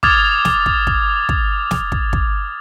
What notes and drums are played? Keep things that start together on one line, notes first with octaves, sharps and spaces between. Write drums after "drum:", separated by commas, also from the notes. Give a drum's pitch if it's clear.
D6 D#6 F6 G#6 A6 F7, drum: kick
drum: snare
drum: kick
drum: kick
drum: kick
drum: snare
drum: kick
drum: kick